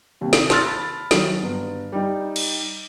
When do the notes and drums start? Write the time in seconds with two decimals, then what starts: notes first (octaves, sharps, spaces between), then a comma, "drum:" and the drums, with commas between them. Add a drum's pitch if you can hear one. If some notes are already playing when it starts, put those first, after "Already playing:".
0.21 D#2 C3
0.33 drum: snare
0.50 A5 C6 E6 F6 A6, drum: snare
0.66 B5
1.11 D#3 F#3, drum: snare
1.42 G1
1.92 G3 D#4
2.36 drum: cymbal